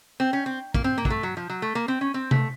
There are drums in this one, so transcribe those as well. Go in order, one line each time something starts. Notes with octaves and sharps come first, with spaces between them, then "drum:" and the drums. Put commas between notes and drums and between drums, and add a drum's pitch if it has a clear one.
C4
C#4
C4
A#3, drum: kick
C4
A#3
F#3, drum: kick
A3
F#3
F3
F#3
A3
A#3
C4
C#4
C4
A3, drum: tom C3